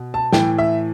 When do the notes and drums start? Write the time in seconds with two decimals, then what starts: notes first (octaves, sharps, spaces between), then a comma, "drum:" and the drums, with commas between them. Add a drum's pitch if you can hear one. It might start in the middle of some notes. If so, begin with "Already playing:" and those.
Already playing: B2
0.14 A5
0.33 A2 E3 G5, drum: snare
0.58 E5